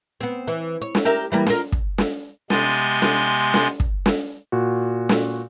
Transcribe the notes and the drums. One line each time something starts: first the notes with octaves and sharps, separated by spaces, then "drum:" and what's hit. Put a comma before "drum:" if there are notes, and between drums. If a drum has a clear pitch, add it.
B3 C4
E3
C#5
drum: snare
G4 A#4 E5
E3 G3 A#3
F4 A#4, drum: snare
drum: kick
drum: snare
C3 G#3 B3 G#5 C6 A6, drum: snare
drum: snare
drum: snare
drum: kick
drum: snare
A#2 F#4
drum: snare